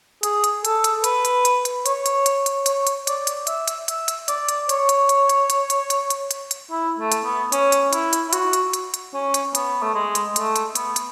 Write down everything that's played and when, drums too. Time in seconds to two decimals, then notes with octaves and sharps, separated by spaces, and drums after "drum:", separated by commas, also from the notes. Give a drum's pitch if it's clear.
0.23 G#4, drum: hi-hat
0.44 drum: hi-hat
0.65 A4, drum: hi-hat
0.84 drum: hi-hat
1.04 B4, drum: hi-hat
1.25 drum: hi-hat
1.45 drum: hi-hat
1.65 drum: hi-hat
1.86 C#5, drum: hi-hat
2.06 drum: hi-hat
2.26 drum: hi-hat
2.46 drum: hi-hat
2.66 C#5, drum: hi-hat
2.87 drum: hi-hat
3.07 D5, drum: hi-hat
3.27 drum: hi-hat
3.47 E5, drum: hi-hat
3.68 drum: hi-hat
3.88 E5, drum: hi-hat
4.08 drum: hi-hat
4.28 D5, drum: hi-hat
4.48 drum: hi-hat
4.69 C#5, drum: hi-hat
4.89 drum: hi-hat
5.09 drum: hi-hat
5.29 drum: hi-hat
5.50 drum: hi-hat
5.70 drum: hi-hat
5.90 drum: hi-hat
6.10 drum: hi-hat
6.31 drum: hi-hat
6.51 drum: hi-hat
6.71 E4
6.99 A3
7.12 drum: hi-hat
7.25 B3
7.52 C#4, drum: hi-hat
7.72 drum: hi-hat
7.93 E4, drum: hi-hat
8.13 drum: hi-hat
8.28 E4
8.33 F#4, drum: hi-hat
8.53 drum: hi-hat
8.73 drum: hi-hat
8.94 drum: hi-hat
9.14 C#4
9.34 drum: hi-hat
9.55 B3, drum: hi-hat
9.82 A3
9.95 G#3
10.15 drum: hi-hat
10.36 A3, drum: hi-hat
10.56 drum: hi-hat
10.75 B3, drum: hi-hat
10.96 drum: hi-hat